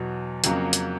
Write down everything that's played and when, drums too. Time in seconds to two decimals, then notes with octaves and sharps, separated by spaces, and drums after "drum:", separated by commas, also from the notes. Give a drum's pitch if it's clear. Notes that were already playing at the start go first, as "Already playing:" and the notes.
Already playing: E2 B2 F#3
0.44 F2 C#3 F#3 A#3, drum: hi-hat
0.73 drum: hi-hat